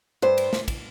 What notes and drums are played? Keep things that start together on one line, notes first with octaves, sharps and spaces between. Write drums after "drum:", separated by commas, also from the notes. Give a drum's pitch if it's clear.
G2 C5
drum: cymbal
drum: snare
drum: kick, cymbal